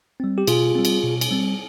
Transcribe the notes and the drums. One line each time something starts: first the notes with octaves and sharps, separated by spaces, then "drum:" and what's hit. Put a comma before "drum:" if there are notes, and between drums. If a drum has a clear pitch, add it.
G3 C4
G4
B2 F4 G#4, drum: cymbal
G3 C4
drum: cymbal
B2
drum: cymbal
G3 C4